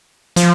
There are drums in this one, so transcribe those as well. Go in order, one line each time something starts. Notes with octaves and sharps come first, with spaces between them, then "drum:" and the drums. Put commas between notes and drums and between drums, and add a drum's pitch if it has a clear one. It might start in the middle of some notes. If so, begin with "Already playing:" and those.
F3, drum: hi-hat